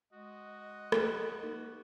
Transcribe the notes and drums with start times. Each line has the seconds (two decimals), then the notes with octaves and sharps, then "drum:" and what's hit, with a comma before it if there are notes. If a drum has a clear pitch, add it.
0.13 G#3 F#4 D#5
0.92 drum: rim click
1.43 A#3 D#4 G4 B4